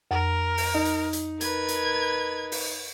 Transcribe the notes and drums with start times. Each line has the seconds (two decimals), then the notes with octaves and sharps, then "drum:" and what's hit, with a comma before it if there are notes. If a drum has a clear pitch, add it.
0.11 F2 A#4
0.57 drum: open hi-hat
0.74 D#4
0.85 drum: hi-hat
1.13 drum: hi-hat
1.41 A#4 B4 G#6, drum: hi-hat
1.68 drum: hi-hat
2.52 drum: open hi-hat